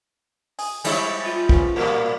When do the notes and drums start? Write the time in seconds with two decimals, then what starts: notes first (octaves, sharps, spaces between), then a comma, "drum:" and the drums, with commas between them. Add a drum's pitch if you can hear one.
0.59 G#4, drum: open hi-hat
0.84 F3 G3 G#3 E4 C#5 E5, drum: cymbal
1.25 F4
1.49 F3 B3 C#4, drum: kick
1.76 A2 G3 A#4